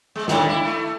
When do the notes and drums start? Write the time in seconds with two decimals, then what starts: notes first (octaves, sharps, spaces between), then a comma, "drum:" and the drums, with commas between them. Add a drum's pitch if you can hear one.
0.16 G#3
0.28 A2 D3 D#3, drum: snare
0.49 E4
0.65 A3